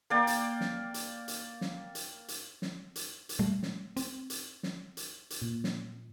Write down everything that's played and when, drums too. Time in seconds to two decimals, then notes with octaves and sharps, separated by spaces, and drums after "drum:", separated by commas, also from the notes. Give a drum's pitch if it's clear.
0.10 A#3 D5 G5
0.27 drum: hi-hat
0.61 drum: snare
0.94 drum: hi-hat
1.28 drum: hi-hat
1.61 drum: snare
1.95 drum: hi-hat
2.28 drum: hi-hat
2.62 drum: snare
2.96 drum: hi-hat
3.29 drum: hi-hat
3.39 A#2 G3 A3
3.63 drum: snare
3.97 C4, drum: hi-hat
4.30 drum: hi-hat
4.63 drum: snare
4.97 drum: hi-hat
5.30 drum: hi-hat
5.42 A#2
5.64 drum: snare